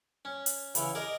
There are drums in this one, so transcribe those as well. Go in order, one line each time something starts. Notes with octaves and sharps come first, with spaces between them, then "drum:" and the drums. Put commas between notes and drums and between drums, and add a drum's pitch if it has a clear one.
C#4
drum: hi-hat
C#3 E3 F#5, drum: hi-hat
G#4 A#4 D5 D#5